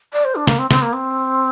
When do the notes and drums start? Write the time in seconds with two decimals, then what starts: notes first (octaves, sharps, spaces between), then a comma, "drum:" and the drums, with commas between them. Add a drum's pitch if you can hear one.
0.13 D5
0.25 C5
0.36 D4
0.47 A#3, drum: snare
0.59 C4
0.71 C4, drum: snare
0.82 A#3
0.93 C4